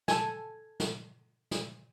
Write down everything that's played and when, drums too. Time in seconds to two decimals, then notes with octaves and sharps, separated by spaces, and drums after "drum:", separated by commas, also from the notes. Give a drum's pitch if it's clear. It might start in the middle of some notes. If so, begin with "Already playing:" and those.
0.08 A4 G#5, drum: snare
0.80 drum: snare
1.51 drum: snare